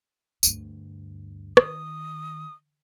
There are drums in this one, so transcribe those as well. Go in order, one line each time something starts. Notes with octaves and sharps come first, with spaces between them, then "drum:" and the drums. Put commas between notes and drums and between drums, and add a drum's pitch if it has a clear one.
D2 G2, drum: tambourine
D#3 D#6, drum: rim click